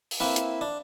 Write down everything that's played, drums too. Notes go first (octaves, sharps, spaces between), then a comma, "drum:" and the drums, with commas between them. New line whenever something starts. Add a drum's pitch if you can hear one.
drum: open hi-hat
A#3 C4 E4 B4
drum: hi-hat
D4